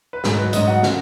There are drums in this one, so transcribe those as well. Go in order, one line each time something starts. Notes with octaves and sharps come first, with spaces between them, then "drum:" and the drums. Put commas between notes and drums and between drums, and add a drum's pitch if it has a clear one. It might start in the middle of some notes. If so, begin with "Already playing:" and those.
B4
G#2 F#3 G#4, drum: snare
B4
G#2 F#3 D#5, drum: hi-hat
F#5
C#3 F#3, drum: snare